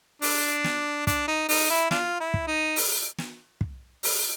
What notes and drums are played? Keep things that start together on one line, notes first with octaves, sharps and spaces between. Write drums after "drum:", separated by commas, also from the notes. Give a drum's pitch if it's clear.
D4, drum: open hi-hat
drum: snare
D4, drum: kick, hi-hat
D#4
D#4, drum: open hi-hat
E4
D4 F4, drum: snare
E4
drum: kick
D#4
drum: open hi-hat
drum: snare
drum: kick
drum: open hi-hat